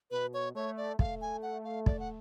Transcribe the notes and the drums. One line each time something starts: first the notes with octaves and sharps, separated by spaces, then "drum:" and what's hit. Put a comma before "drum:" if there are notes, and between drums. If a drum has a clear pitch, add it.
B2 B4
C#5
A3 C#5
D5
A3 F5, drum: kick
G#5
F#5
F5
D5, drum: kick
F#5